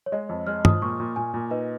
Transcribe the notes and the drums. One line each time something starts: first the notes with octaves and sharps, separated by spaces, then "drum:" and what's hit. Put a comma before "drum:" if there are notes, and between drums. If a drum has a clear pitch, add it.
C#5
G#3 D#5
F2
G#3 F6
F3 D#6, drum: tom G2
A#2 C#6
A#2
A#2 G#5
A#2
D#4 B4